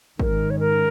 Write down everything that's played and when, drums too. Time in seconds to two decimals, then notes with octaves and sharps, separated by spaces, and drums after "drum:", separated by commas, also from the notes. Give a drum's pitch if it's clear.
0.19 G#2 D#3 G#3 C#4 A#4, drum: kick
0.50 C#5
0.59 A#4